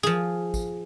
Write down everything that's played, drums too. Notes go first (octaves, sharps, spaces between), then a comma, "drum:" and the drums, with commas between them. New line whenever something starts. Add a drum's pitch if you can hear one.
F3 G#4, drum: tambourine
drum: kick, tambourine